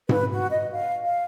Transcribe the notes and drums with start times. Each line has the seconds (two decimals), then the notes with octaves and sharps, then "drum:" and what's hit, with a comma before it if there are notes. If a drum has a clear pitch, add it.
0.09 B4, drum: tom G#2
0.32 F#4
0.51 D#5
0.72 F5
1.04 F5